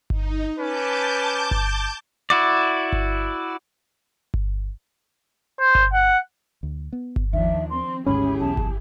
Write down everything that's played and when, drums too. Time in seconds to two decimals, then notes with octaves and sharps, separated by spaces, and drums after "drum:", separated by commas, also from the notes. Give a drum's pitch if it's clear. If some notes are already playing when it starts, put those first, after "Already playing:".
0.10 D#4, drum: kick G1
0.58 C#4 B4 A5 D6 G6
1.51 drum: kick G1
2.30 E4 F#4 D5
2.92 drum: kick G1
4.34 drum: kick G1
5.60 C5
5.75 drum: kick G1
5.93 F#5
6.63 D2
6.93 B3
7.16 drum: kick G1
7.33 D#2 D#3 F3 D4 E5
7.70 C4 C6
8.07 G#1 D2 G#2 C#4 E4 G4 G#4 B5
8.40 B1 E2 A5
8.57 drum: kick G1